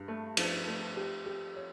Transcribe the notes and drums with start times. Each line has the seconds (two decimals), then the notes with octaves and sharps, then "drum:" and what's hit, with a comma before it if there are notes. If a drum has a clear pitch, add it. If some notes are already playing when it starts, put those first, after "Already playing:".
Already playing: G2
0.08 A3
0.37 F3, drum: cymbal
0.67 A3
0.97 G4
1.26 G4
1.56 C#5